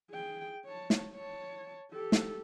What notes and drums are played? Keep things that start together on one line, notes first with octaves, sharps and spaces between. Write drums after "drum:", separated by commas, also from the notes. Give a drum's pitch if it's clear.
G#4 G5
C#5 A5
drum: snare
C#5 A5
G4 A4
drum: snare